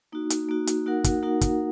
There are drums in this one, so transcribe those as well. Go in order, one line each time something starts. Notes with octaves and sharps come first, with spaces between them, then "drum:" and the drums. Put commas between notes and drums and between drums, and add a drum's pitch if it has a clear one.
A#3 D#4 F#4
drum: hi-hat
A#3 D#4 F#4
drum: hi-hat
A#3 D#4 F#4 A#4 F#5
drum: kick, hi-hat
A#3 D#4 F#4 A#4 F#5
drum: kick, hi-hat